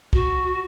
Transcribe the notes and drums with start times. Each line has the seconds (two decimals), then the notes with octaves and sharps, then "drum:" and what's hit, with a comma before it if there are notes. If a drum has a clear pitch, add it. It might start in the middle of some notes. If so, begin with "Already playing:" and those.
0.13 F#4, drum: kick